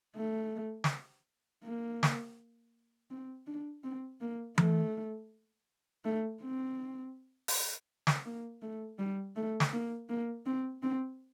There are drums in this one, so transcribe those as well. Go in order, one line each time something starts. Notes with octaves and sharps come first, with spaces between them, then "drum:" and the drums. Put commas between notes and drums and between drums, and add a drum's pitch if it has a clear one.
A3
drum: snare
A#3
drum: snare
C4
D4
C4
A#3
A3, drum: tom E3
A3
C4
drum: open hi-hat
drum: snare
A#3
A3
G3
A3
drum: snare
A#3
A#3
C4
C4